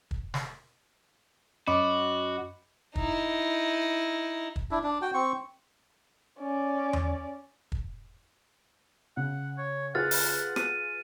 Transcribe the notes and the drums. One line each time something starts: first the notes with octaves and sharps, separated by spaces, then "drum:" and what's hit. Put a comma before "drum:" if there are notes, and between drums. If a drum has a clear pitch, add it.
drum: kick
drum: snare
F#2 C#4 F#4 D#5 B5 D6
D#4 E4, drum: kick
drum: kick
D4 E4
D4
F#4 G5
C4 C#6
C#4 D5
drum: tom E2
drum: kick
C#3 F#5
C#5
F4 G#4 B4 F#5 F6 A6
drum: open hi-hat
D#7, drum: rim click